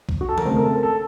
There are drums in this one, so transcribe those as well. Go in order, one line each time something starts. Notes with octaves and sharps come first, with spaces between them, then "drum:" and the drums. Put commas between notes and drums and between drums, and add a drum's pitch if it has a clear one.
drum: kick C2
F#4
A4
A#4, drum: tom D#3
C#3 A3 C4 C5
A#4
A4
A4